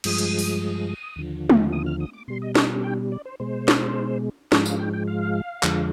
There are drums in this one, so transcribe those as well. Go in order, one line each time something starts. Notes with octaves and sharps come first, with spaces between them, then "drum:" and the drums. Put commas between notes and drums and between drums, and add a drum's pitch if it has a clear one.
G2 F3 G#3 D#6, drum: cymbal
drum: hi-hat
drum: open hi-hat
D#2 D3 F3
drum: tom G#3
D#6
F6
D#6
D6
B2 G3 C6
D#5
D#5, drum: snare
G5
D5
C5
B2 G#3 C5
drum: snare
G#2 F3 G#3, drum: snare
F5, drum: tambourine
G5
G5
F5
F2 D3 F3 G#3, drum: clap